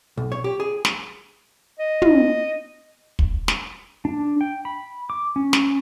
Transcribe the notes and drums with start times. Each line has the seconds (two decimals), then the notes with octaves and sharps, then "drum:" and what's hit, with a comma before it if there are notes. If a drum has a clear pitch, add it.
0.17 B1
0.32 C#5
0.44 G4
0.60 G#4
0.85 drum: snare
1.79 D#5
2.02 drum: tom
3.19 drum: kick
3.48 drum: snare
4.05 D4
4.41 G5
4.65 B5
5.10 D6
5.36 C#4
5.53 drum: snare